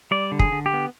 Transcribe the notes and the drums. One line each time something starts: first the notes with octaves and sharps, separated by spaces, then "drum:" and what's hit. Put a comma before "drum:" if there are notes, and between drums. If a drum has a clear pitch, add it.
G3 D5
D3
G#4, drum: kick
D3
G4
B3